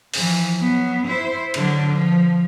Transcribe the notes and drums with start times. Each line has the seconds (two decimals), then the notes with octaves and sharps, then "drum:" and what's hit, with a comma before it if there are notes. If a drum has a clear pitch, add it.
0.14 E3 F3, drum: open hi-hat
0.58 F#3 B3
1.07 E4 C5
1.54 D3 F#3, drum: cymbal
1.90 F3